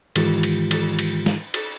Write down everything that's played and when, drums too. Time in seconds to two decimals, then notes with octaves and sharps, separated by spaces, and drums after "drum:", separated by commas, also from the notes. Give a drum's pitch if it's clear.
0.16 G#2 D#3 E3 G#3 F4 G4, drum: cymbal
0.43 drum: cymbal
0.71 drum: cymbal
0.99 drum: cymbal
1.26 drum: snare
1.54 drum: cymbal